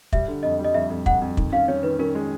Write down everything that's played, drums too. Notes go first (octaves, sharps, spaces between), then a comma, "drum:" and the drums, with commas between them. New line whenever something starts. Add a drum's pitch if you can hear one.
G3 E5, drum: kick
D3
F2 D#5
G3
D#5
F2 E5
F2
F2 F#5, drum: kick
F2
D#3, drum: kick
C#4 F5
C#4 C#5
D#3 B4
C#4 A#4
G#3